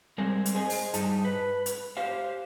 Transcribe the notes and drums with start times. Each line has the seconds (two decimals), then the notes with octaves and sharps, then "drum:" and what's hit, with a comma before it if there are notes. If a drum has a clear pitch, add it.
0.18 G3 G#3 C4 G#4 A#4
0.46 drum: hi-hat
0.55 G#4 C5 D#5 G#5
0.70 drum: open hi-hat
0.94 G2 D#4 A5, drum: hi-hat
1.25 B4
1.66 drum: hi-hat
1.97 G4 C5 F5